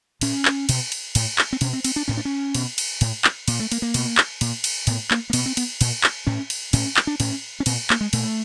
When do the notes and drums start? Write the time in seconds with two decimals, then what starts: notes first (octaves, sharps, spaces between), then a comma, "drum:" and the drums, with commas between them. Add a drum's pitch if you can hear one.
0.21 A#2 C#4, drum: cymbal
0.45 drum: clap
0.69 B2, drum: cymbal
0.92 drum: cymbal
1.15 A2, drum: cymbal
1.38 drum: clap
1.53 C4
1.61 B2 C#4, drum: cymbal
1.73 C4
1.84 C4, drum: cymbal
1.96 D4
2.08 A2 C#4
2.17 D4
2.25 C#4
2.55 B2, drum: cymbal
2.78 drum: cymbal
3.01 A2, drum: cymbal
3.24 drum: clap
3.48 A#2, drum: cymbal
3.59 A3
3.72 A#3, drum: cymbal
3.82 A#3
3.94 B2, drum: cymbal
4.17 drum: clap
4.41 A#2, drum: cymbal
4.64 drum: cymbal
4.87 A2 B3, drum: cymbal
5.11 A#3, drum: clap
5.30 A#3
5.33 B2 B3, drum: cymbal
5.46 C4
5.57 B3, drum: cymbal
5.81 A#2, drum: cymbal
6.03 drum: clap
6.27 A2 C#4
6.50 drum: cymbal
6.73 A2 C#4, drum: cymbal
6.97 drum: clap
7.07 D4
7.20 A2 C#4, drum: cymbal
7.60 C#4
7.66 A#2 C4, drum: cymbal
7.90 A#3, drum: clap
8.01 G#3
8.13 A#2 A3, drum: cymbal